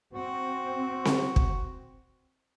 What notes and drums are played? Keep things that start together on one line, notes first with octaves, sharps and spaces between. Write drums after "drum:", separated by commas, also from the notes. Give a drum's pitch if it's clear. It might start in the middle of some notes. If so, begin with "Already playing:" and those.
C4 F#4
drum: snare C4
drum: kick